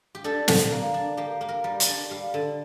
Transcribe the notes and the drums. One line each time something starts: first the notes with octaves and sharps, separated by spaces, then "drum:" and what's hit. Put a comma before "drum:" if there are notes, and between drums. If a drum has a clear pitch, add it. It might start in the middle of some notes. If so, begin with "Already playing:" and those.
G4
D4 A4
D3, drum: snare
A#3
D4
A#3 G4
A#3
A#4
G3
D5, drum: hi-hat
D4
G3 F5
D3